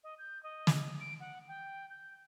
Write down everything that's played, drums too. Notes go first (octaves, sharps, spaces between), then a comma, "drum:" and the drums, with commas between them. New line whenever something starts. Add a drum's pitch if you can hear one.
D#5
G6
D#5
drum: snare
D7
F#5
G5
G6